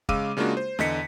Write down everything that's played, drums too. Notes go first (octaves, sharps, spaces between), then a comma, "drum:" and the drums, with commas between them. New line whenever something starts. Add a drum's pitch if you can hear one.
C#3 G#3 F5 D6 E6 D#7, drum: kick
C#3 G#3 A#3 D4 F4 F#4
C5
E2 D3 D#5 B6 C#7, drum: snare